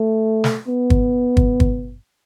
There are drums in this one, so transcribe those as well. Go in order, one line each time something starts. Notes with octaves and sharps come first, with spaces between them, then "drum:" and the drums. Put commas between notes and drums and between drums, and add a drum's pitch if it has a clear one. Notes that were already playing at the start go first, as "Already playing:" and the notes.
Already playing: A3
drum: snare
B3
drum: kick
drum: kick
drum: kick